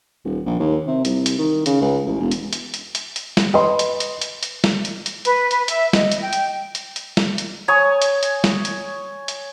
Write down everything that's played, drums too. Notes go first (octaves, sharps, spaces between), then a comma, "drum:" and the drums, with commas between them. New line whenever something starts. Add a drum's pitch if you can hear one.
D#1
A#1
D#2
C3
C2, drum: hi-hat
drum: hi-hat
D#3
C#3, drum: hi-hat
C#2
A1
E1
drum: hi-hat
drum: hi-hat
drum: hi-hat
drum: hi-hat
drum: hi-hat
drum: snare
B4 D#5 B5 C6
drum: hi-hat
drum: hi-hat
drum: hi-hat
drum: hi-hat
drum: snare
drum: hi-hat
drum: hi-hat
B4, drum: hi-hat
B4, drum: hi-hat
E5, drum: hi-hat
D#5, drum: snare
drum: hi-hat
G5
drum: hi-hat
drum: hi-hat
drum: hi-hat
drum: snare
drum: hi-hat
C#5 G#5 C#6 D#6
drum: hi-hat
drum: hi-hat
drum: snare
drum: hi-hat
drum: hi-hat